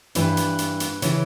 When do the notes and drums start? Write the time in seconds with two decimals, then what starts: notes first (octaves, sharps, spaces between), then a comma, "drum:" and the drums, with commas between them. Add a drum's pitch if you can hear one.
0.15 G2 E3 B4, drum: hi-hat
0.37 drum: hi-hat
0.58 drum: hi-hat
0.80 drum: hi-hat
1.02 C#3 E3, drum: hi-hat